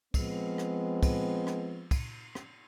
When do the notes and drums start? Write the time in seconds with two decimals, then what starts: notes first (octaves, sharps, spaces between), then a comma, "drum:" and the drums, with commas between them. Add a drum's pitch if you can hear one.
0.14 F3 G#3 B3 C4, drum: kick, cymbal
0.58 drum: rim click
1.03 drum: kick, cymbal
1.47 drum: rim click
1.91 drum: kick, cymbal
2.35 drum: rim click